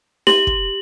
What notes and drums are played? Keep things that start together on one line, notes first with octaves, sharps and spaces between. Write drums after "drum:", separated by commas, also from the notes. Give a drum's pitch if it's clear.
G4 F#7, drum: snare
drum: kick